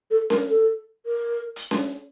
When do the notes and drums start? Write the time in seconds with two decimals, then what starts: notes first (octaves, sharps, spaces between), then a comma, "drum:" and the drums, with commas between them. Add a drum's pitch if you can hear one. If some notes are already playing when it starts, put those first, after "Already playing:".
0.11 A4
0.30 A#4, drum: snare C#4
0.49 A4
1.06 A#4
1.56 drum: hi-hat
1.71 drum: snare C#4